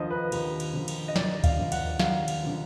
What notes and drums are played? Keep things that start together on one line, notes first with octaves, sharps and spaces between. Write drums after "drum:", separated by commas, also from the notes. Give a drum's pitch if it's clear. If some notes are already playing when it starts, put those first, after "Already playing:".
Already playing: D#2 D3 F3 D#5
B4
D#2, drum: cymbal
drum: cymbal
D3 F3
drum: cymbal
D#5
D#2 D5, drum: snare
F5, drum: kick, cymbal
D3 F3
F#5, drum: cymbal
D#2 F5, drum: snare
drum: cymbal
D3 F3